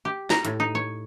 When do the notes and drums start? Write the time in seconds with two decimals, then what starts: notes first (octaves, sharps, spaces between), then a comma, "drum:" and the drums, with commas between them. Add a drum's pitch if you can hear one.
0.05 G4
0.30 A#5, drum: snare
0.45 A2, drum: hi-hat
0.60 D#4
0.75 C#5